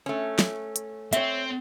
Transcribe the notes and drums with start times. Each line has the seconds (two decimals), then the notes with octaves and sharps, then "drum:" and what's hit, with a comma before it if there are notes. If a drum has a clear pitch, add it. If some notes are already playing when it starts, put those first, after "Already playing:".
0.06 A3 C#4
0.39 drum: snare
0.76 drum: hi-hat
1.13 C4 C#5 E5, drum: hi-hat